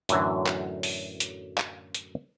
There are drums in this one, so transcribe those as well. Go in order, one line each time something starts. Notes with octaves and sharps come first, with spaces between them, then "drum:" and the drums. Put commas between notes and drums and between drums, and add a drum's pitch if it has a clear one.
F#2 A2 D3 E3 F#3, drum: hi-hat
drum: clap
drum: open hi-hat
drum: hi-hat
drum: clap
drum: hi-hat